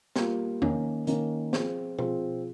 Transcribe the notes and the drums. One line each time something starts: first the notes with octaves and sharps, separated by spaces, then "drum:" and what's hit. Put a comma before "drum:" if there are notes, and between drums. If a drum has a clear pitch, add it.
G3 A#3 F4, drum: snare
D#3 A#3 C#4, drum: tom E2
D#3 A#3 C#4, drum: hi-hat
F3 C4 F4 G#4, drum: snare
F3 C4 F4 G#4, drum: tom B2